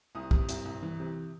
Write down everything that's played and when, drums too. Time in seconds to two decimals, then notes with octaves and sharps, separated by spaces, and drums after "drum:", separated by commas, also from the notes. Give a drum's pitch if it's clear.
0.15 C2 D#6
0.31 C3, drum: kick
0.49 C2, drum: hi-hat
0.65 C2
0.83 E3
1.00 C3